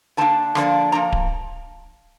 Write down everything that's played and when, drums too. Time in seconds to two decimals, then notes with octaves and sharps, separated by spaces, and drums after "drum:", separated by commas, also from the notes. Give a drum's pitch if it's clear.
0.17 D3 F3 A#3 D4 A5
0.55 D3 F3 A#3 D4, drum: rim click
0.92 F3 A#3 D4 A#5
1.12 drum: kick D1